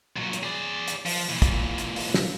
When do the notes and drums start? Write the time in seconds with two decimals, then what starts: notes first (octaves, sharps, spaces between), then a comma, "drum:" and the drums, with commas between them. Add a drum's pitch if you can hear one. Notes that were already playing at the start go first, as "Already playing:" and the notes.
0.17 A#2 F#3
0.33 drum: hi-hat
0.43 G#4 D5
0.88 drum: hi-hat
1.06 F3, drum: open hi-hat
1.29 A#2 E3
1.42 drum: kick, hi-hat
1.78 drum: hi-hat
1.96 drum: open hi-hat
2.14 drum: snare